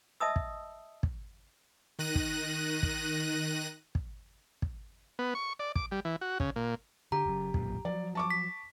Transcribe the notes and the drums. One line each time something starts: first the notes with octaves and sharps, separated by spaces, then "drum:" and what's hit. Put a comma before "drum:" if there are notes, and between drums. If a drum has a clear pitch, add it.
D#5 E5 A5 D#6 E6
drum: kick
drum: kick
D#3 F#6 A#6 D#7
drum: kick
drum: kick
drum: kick
drum: kick
B3
C#6
D5
D6, drum: kick
G3
E3
F#4
C#3, drum: kick
A#2
D3 G4 A#5
F#1 F#2
B1 F#2 A#2, drum: kick
F3 F#3 D5
A5 C#6 D6
B6